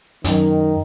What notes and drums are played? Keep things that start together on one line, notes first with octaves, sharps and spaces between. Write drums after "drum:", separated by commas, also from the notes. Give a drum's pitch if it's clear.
F#2 D#3, drum: hi-hat